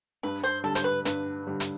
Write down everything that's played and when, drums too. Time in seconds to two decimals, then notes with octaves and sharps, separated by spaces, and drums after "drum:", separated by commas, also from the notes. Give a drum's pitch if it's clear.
0.23 G2 B4
0.44 C5
0.64 D3 G3 A4
0.75 C5, drum: hi-hat
0.84 B4
1.05 G2 B4, drum: hi-hat
1.47 D3 G3
1.60 drum: hi-hat